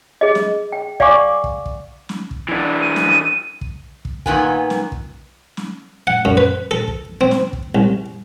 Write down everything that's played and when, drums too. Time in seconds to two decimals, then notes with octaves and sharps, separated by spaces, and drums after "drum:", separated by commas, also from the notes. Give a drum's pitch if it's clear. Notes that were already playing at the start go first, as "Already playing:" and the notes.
0.21 G#4 D#5
0.35 drum: snare
0.72 G5
1.00 D5 F5 F#5 G#5 C#6 D6, drum: kick
1.44 drum: kick
1.66 drum: kick
2.09 drum: snare
2.31 drum: kick
2.49 E3 D4
2.82 D#7
2.96 drum: snare
3.61 drum: kick
4.05 drum: kick
4.26 A#2 D#3 B3 G#5, drum: kick
4.70 drum: snare
4.92 drum: kick
5.57 drum: snare
6.07 F#5
6.25 F#2, drum: kick
6.37 B4
6.71 A4
6.88 drum: kick
7.21 C4
7.31 drum: snare
7.53 drum: kick
7.75 C2